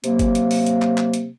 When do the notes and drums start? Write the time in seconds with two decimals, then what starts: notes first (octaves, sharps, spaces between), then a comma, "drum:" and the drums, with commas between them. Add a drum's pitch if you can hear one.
0.04 C3 F#3 A#3, drum: hi-hat
0.19 drum: kick G1, hi-hat
0.35 drum: hi-hat
0.51 drum: open hi-hat
0.66 drum: hi-hat
0.82 drum: clap
0.98 drum: clap
1.14 drum: hi-hat